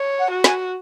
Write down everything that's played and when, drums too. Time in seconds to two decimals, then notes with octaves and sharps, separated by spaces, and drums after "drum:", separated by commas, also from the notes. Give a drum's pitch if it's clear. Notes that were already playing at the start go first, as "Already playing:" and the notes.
Already playing: C#5
0.19 F#5
0.31 F#4
0.44 G#5, drum: snare